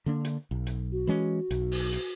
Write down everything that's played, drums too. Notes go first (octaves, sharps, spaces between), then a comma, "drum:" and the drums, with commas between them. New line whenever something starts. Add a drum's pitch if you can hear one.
D3 A#3 D4
drum: hi-hat
B1
drum: hi-hat
F#4
E3 G#3 C#4
B1, drum: hi-hat
drum: open hi-hat
drum: hi-hat